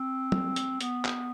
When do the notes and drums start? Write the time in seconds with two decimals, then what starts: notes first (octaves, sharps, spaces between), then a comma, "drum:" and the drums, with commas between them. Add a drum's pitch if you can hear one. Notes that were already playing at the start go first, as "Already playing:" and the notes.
Already playing: C4
0.32 drum: tom F#3
0.56 drum: hi-hat
0.81 B3, drum: hi-hat
1.05 drum: clap